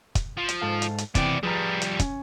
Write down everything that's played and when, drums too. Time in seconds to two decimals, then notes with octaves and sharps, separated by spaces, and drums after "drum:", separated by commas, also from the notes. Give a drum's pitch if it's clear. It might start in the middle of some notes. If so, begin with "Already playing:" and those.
0.15 drum: kick, hi-hat
0.37 F3
0.49 drum: hi-hat
0.61 G#2 A4 F5
0.82 drum: hi-hat
0.98 drum: hi-hat
1.15 C3 E3 B3 D5 G5, drum: kick, hi-hat
1.43 F3 G3 G#4 B4 A#5
1.81 drum: hi-hat
1.99 C#4, drum: kick, hi-hat